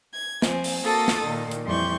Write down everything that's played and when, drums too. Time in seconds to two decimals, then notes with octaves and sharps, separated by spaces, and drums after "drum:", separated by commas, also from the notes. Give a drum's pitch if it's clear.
0.12 G#6
0.42 F3 C4 G#5, drum: snare
0.64 drum: open hi-hat
0.83 A#3 F#4 A4 D#6 A6
1.08 drum: snare
1.22 A#2 D#3
1.51 drum: hi-hat
1.65 F2 E3 G3 C6 C#6 G6